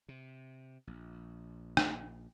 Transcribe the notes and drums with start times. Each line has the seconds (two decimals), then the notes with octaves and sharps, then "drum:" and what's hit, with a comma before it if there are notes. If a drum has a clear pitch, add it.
0.08 C3
0.87 A#1
1.77 drum: rim click